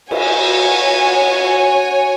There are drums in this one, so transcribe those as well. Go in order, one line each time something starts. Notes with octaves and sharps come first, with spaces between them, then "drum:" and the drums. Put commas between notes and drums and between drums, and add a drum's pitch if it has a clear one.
F#4 C#5 G#5, drum: cymbal